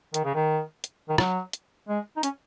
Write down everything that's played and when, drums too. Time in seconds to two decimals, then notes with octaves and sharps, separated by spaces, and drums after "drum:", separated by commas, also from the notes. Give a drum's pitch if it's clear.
0.14 D#3, drum: hi-hat
0.25 C#3
0.35 D#3
0.84 drum: hi-hat
1.09 D#3
1.18 F#3, drum: rim click
1.53 drum: hi-hat
1.88 G#3
2.17 D#4
2.23 C#4, drum: hi-hat